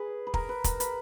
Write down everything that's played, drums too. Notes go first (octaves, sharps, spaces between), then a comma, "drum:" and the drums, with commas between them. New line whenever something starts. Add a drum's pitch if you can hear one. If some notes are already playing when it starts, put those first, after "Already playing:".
Already playing: G#4 B4
B4
A#4, drum: kick
B4
A#4, drum: kick, hi-hat
B4, drum: hi-hat